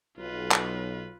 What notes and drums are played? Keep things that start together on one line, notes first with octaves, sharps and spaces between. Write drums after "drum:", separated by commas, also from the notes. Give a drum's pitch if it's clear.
B1 F4 B4
drum: clap